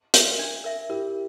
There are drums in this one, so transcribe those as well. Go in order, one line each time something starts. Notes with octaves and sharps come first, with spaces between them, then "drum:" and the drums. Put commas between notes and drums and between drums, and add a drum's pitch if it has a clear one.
A#4 E5, drum: hi-hat
D4
A#4 E5
E4 G4 A#4